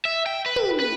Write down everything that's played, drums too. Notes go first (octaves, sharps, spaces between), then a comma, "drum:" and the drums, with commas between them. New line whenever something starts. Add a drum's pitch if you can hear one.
E5
G5
B4
drum: tom
B4